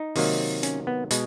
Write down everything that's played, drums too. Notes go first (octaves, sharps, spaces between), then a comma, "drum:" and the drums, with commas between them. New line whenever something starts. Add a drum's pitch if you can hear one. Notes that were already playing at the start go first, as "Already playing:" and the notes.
Already playing: D#4
C3 D#3 F#3 A#3, drum: open hi-hat
C#4, drum: hi-hat
B3
B2 G#3, drum: hi-hat